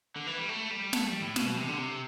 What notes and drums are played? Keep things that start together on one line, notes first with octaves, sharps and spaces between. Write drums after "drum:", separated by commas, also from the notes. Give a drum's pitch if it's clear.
D3
E3
G3
A3
G3
A3, drum: snare
G3
A2
B2, drum: snare
B2
C3
D3
C3